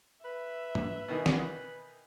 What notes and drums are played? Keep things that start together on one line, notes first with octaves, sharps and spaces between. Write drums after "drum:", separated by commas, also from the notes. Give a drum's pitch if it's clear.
B4 E5
drum: tom G#2
B2 D#3 E3
drum: snare